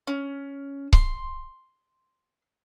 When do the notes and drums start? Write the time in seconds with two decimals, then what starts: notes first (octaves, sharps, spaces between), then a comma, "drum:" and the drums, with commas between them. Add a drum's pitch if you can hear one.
0.07 C#4
0.93 C6, drum: kick C#1